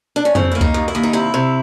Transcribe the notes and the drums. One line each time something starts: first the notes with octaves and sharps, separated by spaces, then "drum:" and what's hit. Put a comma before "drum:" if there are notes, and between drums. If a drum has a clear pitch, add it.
D4
C#4
C#3 C4, drum: tom F2
A#3 E4
D#4, drum: kick C#2
D#2
E4
D#2
D#4
C3 E4
C3